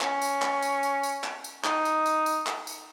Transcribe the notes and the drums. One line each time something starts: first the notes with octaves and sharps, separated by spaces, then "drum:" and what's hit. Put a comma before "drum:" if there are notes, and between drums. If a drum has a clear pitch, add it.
C#4, drum: clap
drum: tambourine
drum: clap
drum: tambourine
drum: tambourine
drum: tambourine
drum: clap
drum: tambourine
D#4, drum: clap
drum: tambourine
drum: tambourine
drum: tambourine
drum: clap
drum: tambourine